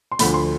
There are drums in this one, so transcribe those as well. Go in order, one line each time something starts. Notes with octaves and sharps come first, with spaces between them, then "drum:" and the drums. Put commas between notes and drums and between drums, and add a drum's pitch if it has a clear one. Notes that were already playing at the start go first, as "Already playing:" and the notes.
C6
D2 D3 F3 A3 B5, drum: hi-hat
C6